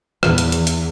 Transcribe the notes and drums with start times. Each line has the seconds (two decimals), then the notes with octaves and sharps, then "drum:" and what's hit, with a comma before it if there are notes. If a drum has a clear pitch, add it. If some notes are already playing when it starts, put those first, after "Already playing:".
0.23 E2, drum: rim click
0.38 drum: hi-hat
0.52 drum: hi-hat
0.67 drum: hi-hat